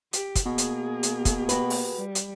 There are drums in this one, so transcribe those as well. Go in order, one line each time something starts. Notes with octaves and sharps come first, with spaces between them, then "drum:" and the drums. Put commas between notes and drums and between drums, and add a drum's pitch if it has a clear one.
G4, drum: hi-hat
drum: kick, hi-hat
B2 A#3 G#4
drum: hi-hat
drum: hi-hat
drum: kick, hi-hat
F#4 G4 B4, drum: hi-hat
drum: open hi-hat
G3
drum: hi-hat